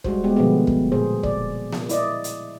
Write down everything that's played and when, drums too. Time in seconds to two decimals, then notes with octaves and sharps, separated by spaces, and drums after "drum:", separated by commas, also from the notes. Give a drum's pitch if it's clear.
0.04 G3 G#3 F#4 C5, drum: kick
0.24 G#3 B3 G4
0.36 B2 D3 F3 G3 A3 B3
0.67 drum: kick
0.92 A#2 A#3 G#4 C5
1.23 D5, drum: kick
1.73 drum: snare A#3
1.89 E4 D5 D#5, drum: hi-hat
2.24 drum: hi-hat